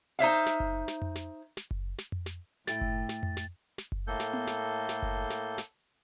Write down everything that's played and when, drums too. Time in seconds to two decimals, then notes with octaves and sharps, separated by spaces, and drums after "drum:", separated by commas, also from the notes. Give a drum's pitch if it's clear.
0.19 D#4 C5 E5 F5
0.46 drum: snare
0.60 drum: kick F#1
0.88 drum: snare
1.02 drum: tom F2
1.15 drum: snare
1.57 drum: snare
1.71 drum: kick F#1
1.98 drum: snare
2.12 drum: tom F2
2.26 drum: snare
2.67 A2 E4 A4 G5 A6, drum: snare
2.81 drum: kick F#1
3.09 drum: snare
3.23 drum: tom F2
3.37 drum: snare
3.78 drum: snare
3.92 drum: kick F#1
4.07 A2 A#3 A4 G6
4.20 drum: snare
4.33 drum: tom B3
4.47 drum: snare
4.89 drum: snare
5.03 drum: kick F#1
5.30 drum: snare
5.58 drum: snare